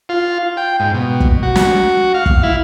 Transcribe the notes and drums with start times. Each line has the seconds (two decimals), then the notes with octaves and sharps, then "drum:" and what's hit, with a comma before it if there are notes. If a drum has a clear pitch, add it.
0.09 F4
0.57 G5
0.80 G#2
0.94 B2
1.20 drum: kick
1.43 F#4
1.55 drum: snare
2.14 F5
2.26 drum: kick
2.43 E4